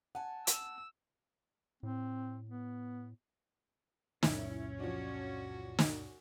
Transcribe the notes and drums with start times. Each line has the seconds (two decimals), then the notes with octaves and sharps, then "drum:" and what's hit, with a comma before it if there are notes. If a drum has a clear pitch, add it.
0.15 F#5 G#5 A5
0.47 E6, drum: hi-hat
1.83 A2 C4
2.49 B3
4.23 C#2 F#2 A#2 C#4 E4, drum: snare
4.80 F3 D4 F#4
5.79 drum: snare